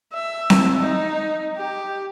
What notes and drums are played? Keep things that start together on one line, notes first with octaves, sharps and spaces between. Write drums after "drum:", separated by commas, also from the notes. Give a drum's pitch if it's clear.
E5
drum: snare C4
D#4
G4